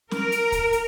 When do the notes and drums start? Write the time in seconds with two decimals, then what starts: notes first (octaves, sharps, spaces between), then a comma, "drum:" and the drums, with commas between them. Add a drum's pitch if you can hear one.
0.11 A#4, drum: snare
0.32 drum: hi-hat
0.52 drum: kick, hi-hat
0.72 drum: hi-hat